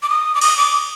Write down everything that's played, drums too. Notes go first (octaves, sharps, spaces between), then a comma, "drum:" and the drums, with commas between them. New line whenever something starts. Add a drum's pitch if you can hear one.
D6
D#6
D6
D#6, drum: cymbal
D6